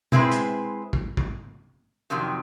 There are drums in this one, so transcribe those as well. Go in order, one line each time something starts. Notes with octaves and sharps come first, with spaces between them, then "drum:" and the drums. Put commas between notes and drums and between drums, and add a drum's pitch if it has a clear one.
G#3 C4 E4 G#4 B4, drum: tom
drum: hi-hat
drum: kick
drum: kick
F2 C3 D#3 F#3